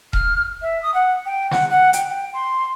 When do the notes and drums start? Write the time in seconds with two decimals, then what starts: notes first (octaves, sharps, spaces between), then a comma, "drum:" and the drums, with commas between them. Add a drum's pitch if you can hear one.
0.13 F6, drum: kick D#1
0.62 E5
0.83 D#6
0.94 F#5
1.26 G5
1.51 F#5, drum: snare
1.70 F#5
1.93 G5, drum: hi-hat
2.10 G5
2.34 C6